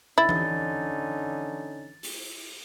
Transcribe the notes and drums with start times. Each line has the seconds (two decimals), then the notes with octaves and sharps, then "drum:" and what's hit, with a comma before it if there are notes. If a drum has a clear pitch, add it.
0.18 D3 C#4 D#4 E4 A6
0.29 drum: tom E3
2.03 drum: open hi-hat